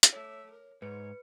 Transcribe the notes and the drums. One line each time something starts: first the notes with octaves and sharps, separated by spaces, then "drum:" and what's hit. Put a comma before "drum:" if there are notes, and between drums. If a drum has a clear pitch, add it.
drum: hi-hat
A3 C#5 E5
A#4
G#2 B4 C#5 C#7